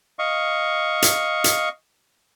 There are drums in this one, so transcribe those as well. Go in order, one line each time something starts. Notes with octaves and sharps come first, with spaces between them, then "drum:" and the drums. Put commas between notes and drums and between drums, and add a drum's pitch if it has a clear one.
D#5 F5 C#6
drum: hi-hat
drum: hi-hat